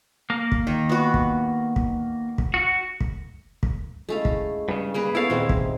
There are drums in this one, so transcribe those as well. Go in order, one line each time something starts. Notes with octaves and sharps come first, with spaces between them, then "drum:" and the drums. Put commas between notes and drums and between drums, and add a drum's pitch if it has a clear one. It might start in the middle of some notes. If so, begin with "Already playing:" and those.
A#3
drum: kick
D#3
B3 F#4
drum: kick
drum: kick
drum: kick
F#4
drum: kick
drum: kick
G#3 A3 C#4 E4 A4 F5
drum: kick
G2 C#3
A#3 G#4 B4 D7
B3 E4 A4 C#5 F5
D#1 G#3 C4
drum: kick